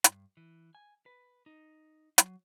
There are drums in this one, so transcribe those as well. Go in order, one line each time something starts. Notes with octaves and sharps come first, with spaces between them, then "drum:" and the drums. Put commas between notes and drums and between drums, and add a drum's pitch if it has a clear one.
G2, drum: hi-hat
E3
G#5
B4
D#4
F#3, drum: hi-hat